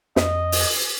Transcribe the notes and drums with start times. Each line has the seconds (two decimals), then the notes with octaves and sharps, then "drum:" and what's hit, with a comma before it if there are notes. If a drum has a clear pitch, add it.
0.16 F2 D#5, drum: snare
0.52 drum: open hi-hat